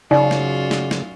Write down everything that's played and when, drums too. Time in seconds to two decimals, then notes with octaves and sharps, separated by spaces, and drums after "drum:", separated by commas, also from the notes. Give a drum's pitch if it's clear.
0.11 F#2 C#3 D#4 F4 F#4 D5
0.31 drum: snare
0.71 drum: snare
0.91 drum: snare